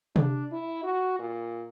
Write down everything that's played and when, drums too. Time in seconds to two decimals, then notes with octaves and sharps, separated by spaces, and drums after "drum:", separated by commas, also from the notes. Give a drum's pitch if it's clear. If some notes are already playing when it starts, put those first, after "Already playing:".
0.16 D4, drum: tom C3
0.52 E4
0.84 F#4
1.19 A#2